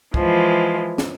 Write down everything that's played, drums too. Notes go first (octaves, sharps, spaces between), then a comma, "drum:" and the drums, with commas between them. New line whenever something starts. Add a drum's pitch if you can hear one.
E3 F3 G#3, drum: kick
drum: snare